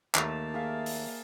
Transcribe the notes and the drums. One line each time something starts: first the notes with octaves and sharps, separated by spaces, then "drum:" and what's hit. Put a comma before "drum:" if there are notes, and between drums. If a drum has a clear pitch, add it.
D#2 A3 A#3 A5 A#5, drum: clap
G#4 E5 F5
drum: open hi-hat